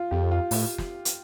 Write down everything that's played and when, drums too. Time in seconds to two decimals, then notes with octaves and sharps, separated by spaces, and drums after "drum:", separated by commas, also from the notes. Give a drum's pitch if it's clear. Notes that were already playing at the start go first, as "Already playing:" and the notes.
Already playing: F4
0.11 F2 G4
0.31 F4
0.51 A2, drum: open hi-hat
0.78 drum: snare
1.05 drum: hi-hat